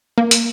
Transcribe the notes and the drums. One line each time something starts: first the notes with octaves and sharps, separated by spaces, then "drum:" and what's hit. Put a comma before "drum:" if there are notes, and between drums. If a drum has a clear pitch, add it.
A#3
drum: hi-hat